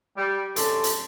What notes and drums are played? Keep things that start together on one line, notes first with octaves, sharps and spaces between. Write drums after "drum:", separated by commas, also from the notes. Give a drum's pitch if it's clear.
G3
F#2 C3 A4 D5 A5 C6, drum: hi-hat
drum: hi-hat